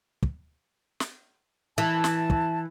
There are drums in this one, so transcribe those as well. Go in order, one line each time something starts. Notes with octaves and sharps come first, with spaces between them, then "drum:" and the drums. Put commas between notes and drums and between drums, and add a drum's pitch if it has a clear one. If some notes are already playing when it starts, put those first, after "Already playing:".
drum: kick
drum: snare
E3 A5
drum: snare
drum: kick